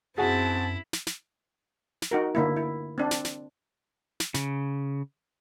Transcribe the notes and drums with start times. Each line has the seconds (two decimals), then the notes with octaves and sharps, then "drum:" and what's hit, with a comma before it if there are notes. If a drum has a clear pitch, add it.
0.18 F#2 C4 E4 F#4 G#4 A5
0.93 drum: snare
1.07 drum: snare
2.02 drum: snare
2.11 D#4 F#4 A#4
2.35 D3 A#3 E4
2.56 E4
2.98 C4 D4
3.11 drum: snare
3.25 drum: snare
4.20 drum: snare
4.34 C#3, drum: snare